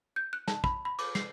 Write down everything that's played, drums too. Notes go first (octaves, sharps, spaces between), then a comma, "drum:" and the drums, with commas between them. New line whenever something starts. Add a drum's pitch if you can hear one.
G6
F#6
A5, drum: snare
B5, drum: kick
B5
D6, drum: cymbal
C7, drum: snare